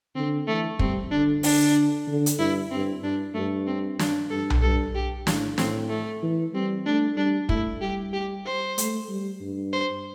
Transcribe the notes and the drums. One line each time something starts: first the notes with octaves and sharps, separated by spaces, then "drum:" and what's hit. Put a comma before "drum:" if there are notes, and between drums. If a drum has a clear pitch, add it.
D3 C4
E3 A3
G3 C4, drum: kick
D3 D4
D3 D4, drum: open hi-hat
D3
drum: hi-hat
G2 E4
G2 C4
G2 D4
G2 A3
C4
D4, drum: snare
G2 A4
drum: tom B1
G2 A4
G4
A2 D4, drum: snare
A2 C4, drum: snare
A3
E3
G3 C4
A3 D4
G3 D4
A3 E4, drum: kick
G3 G4
G4
C5
A3, drum: hi-hat
G3
G2
C5